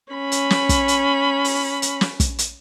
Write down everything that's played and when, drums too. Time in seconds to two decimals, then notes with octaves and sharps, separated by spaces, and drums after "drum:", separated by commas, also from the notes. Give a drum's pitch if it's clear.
0.13 C#4 B5
0.32 drum: hi-hat
0.50 drum: snare
0.69 drum: kick, hi-hat
0.88 drum: hi-hat
1.44 drum: open hi-hat
1.82 drum: hi-hat
2.01 drum: snare
2.20 drum: kick, hi-hat
2.39 drum: hi-hat